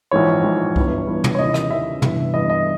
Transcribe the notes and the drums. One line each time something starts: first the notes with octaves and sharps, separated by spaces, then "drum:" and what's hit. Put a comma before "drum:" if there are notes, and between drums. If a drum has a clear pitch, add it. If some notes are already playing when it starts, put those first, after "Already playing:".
A#1 G#2 E3 C#5
A#1 G#2 E3
G1 G2 E3, drum: kick C2
G1 G2 E3
drum: tom
C#5
D#2 C#3 E3 D#5
D#5, drum: rim click
D#2 C#3 E3 E5
G1 G2 E3, drum: tom
G1 G2 E3 D#5
D#5